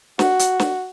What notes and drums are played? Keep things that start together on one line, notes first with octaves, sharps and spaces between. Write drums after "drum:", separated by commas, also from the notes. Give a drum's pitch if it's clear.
F#4, drum: snare
drum: hi-hat
drum: snare